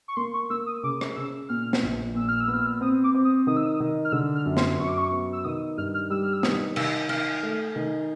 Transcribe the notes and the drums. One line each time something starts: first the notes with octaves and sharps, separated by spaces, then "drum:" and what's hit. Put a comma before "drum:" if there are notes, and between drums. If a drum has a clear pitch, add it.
C#6
A#3 C6
C#6
A#3 E6
D#6
C#3 D6
drum: rim click
C#3 E6
A#2 F6
drum: snare
A#1
A#2 E6
F6
E6
B3
F6
E6
C4 D#6
D6
C4
D#6
D#3 D#6
E6
D#6
D#3
F6
D3 E6
F6
F#2
C6, drum: snare
F#2 C#6
D6
C#6
B3
E6
D#3 D#6
G2 F6
F6
G3 E6
F6
E6
D#3 D#6, drum: snare
D#3 E6, drum: cymbal
D#3 F6, drum: cymbal
F6
A3
D#3